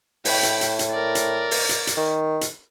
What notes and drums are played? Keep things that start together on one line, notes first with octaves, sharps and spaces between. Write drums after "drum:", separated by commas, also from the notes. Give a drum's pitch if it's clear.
A2 G5 B5, drum: open hi-hat
drum: hi-hat
drum: hi-hat
drum: hi-hat
A#4 D5
drum: hi-hat
drum: open hi-hat
drum: hi-hat
drum: hi-hat
D#3
drum: hi-hat